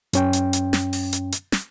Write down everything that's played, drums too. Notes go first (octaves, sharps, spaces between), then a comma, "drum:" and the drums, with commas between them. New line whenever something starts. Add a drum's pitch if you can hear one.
F#2 C#4 G5, drum: hi-hat
drum: hi-hat
drum: hi-hat
drum: snare
drum: open hi-hat
drum: hi-hat
drum: hi-hat
drum: snare